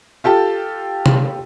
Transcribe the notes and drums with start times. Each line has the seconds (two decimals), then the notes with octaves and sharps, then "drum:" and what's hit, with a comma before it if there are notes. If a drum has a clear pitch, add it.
0.24 F4 G4 A4 A5
1.06 drum: tom C3